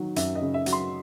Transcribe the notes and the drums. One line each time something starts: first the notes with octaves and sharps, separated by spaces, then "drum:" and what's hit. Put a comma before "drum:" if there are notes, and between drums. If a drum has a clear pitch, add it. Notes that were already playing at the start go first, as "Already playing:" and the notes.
Already playing: D#3 F#3
F#2 E5, drum: hi-hat
D#5
C#3
E5
F#3, drum: hi-hat
C6